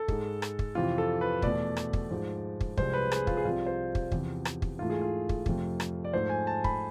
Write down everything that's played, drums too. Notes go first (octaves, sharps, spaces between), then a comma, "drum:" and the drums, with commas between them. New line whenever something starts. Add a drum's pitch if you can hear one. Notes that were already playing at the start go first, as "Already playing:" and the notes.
Already playing: A4
G#2 G#3, drum: kick
drum: rim click
drum: kick
F2 C3 E3 F4
A4
B4
E2 B2 A3 D5, drum: kick
drum: rim click
drum: kick
G#2 F3 G#3
drum: kick
C2 C3 F3 G#3 C5, drum: kick
B4
G#4, drum: rim click
F4, drum: kick
G#4
C2 C3 F3 F4
C5
drum: kick
E2 C3 F3, drum: kick
drum: rim click
drum: kick
G#2 E3 A3 F4
G#4
F4
drum: kick
F2 C3 F3 A3, drum: kick
drum: rim click
D5
G#2 F3 A3 C5
G#5
A5
B5, drum: kick